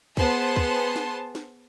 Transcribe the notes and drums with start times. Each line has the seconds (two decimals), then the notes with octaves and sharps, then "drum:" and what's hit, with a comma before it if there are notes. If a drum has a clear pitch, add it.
0.17 B3 G#4 C5 A5 C6, drum: kick
0.56 drum: kick
0.96 drum: snare
1.35 drum: snare